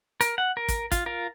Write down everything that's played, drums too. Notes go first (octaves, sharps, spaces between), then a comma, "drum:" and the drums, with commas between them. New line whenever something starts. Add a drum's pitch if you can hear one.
A#4, drum: hi-hat
F#5
A#4
drum: kick, hi-hat
F4, drum: kick, hi-hat
F4 A#4